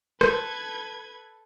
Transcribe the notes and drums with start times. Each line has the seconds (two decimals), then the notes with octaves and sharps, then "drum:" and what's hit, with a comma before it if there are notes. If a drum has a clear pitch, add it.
0.21 A4 B4 G#6, drum: rim click